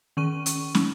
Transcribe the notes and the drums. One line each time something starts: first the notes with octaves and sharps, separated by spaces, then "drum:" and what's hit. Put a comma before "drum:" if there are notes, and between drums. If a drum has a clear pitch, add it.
D#3 C#4 C#6 D#7
drum: hi-hat
drum: snare